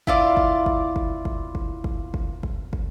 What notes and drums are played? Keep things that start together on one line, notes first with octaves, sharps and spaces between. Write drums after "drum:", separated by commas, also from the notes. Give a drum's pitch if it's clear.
E4 F4 D5, drum: kick
drum: kick
drum: kick
drum: kick
drum: kick
drum: kick
drum: kick
drum: kick
drum: kick
drum: kick